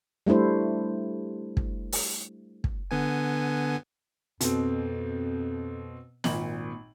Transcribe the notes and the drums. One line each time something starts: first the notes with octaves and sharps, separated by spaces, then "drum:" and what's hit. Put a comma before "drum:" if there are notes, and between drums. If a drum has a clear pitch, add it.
G3 A3 D4 E4 C5
drum: kick
drum: open hi-hat
drum: kick
D3 B3 G#5
F2 B2 C4, drum: hi-hat
G#1 A#2 F#7, drum: snare